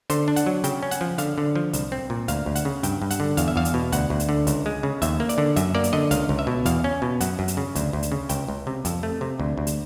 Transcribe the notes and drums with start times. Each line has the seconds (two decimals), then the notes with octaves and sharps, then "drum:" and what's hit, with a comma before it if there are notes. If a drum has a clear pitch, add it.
0.10 D3 C5, drum: hi-hat
0.28 D4
0.36 F#5, drum: hi-hat
0.46 F#3
0.64 C#3 G5, drum: hi-hat
0.83 C#4
0.91 F#5, drum: hi-hat
1.01 F3
1.18 D3 F5, drum: hi-hat
1.38 D3
1.56 F3
1.73 C2, drum: hi-hat
1.92 C4
2.10 A#2
2.28 D2 F5, drum: hi-hat
2.46 D2
2.56 F#5, drum: hi-hat
2.65 C#3
2.83 G2 G5, drum: hi-hat
3.02 G2
3.11 F#5, drum: hi-hat
3.20 D3
3.37 E2 F5, drum: hi-hat
3.48 E5
3.56 E2 F5
3.65 drum: hi-hat
3.74 B2
3.92 D2 F#5, drum: hi-hat
4.10 D2
4.20 drum: hi-hat
4.29 D3
4.47 C#2, drum: hi-hat
4.66 G#3
4.83 C#3
5.02 D#2 E5, drum: hi-hat
5.20 A#3
5.29 D5, drum: hi-hat
5.38 D3
5.56 F#2 E5, drum: hi-hat
5.75 A#3 D5
5.84 drum: hi-hat
5.93 D3 D#5
6.11 C#2 F5, drum: hi-hat
6.29 C#2
6.39 E5
6.47 B2
6.66 E2 F5, drum: hi-hat
6.84 C#4
7.02 B2
7.21 F#2 F#5, drum: hi-hat
7.39 F#2
7.48 drum: hi-hat
7.57 C#3
7.75 D2, drum: hi-hat
7.93 D2
8.03 drum: hi-hat
8.12 C#3
8.29 C#2 G5, drum: hi-hat
8.48 C#2
8.67 C3
8.85 F2, drum: hi-hat
9.03 A3
9.21 C3
9.40 D2
9.58 D2
9.67 drum: hi-hat